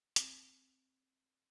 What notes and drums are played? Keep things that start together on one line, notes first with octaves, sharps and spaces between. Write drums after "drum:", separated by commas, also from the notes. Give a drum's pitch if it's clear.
C4, drum: hi-hat